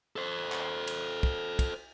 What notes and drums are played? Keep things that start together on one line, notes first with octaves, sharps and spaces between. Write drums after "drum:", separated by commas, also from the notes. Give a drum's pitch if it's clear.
A4 C5
drum: clap
drum: cymbal
drum: kick
drum: kick, cymbal